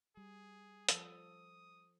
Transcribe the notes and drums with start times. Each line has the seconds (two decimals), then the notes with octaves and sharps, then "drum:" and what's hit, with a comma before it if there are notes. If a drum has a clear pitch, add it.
0.17 G3 G#4
0.89 F3 A4 D#6, drum: hi-hat